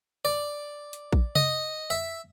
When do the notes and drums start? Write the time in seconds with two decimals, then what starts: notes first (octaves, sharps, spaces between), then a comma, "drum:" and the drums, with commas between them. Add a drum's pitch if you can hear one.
0.25 D5
0.93 drum: hi-hat
1.13 drum: kick A#1
1.36 D#5, drum: tom C3
1.90 E5